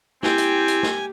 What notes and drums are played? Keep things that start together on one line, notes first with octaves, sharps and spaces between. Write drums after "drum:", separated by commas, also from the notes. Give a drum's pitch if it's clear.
C4 E4 G4 G#5, drum: snare
drum: hi-hat
drum: hi-hat
drum: snare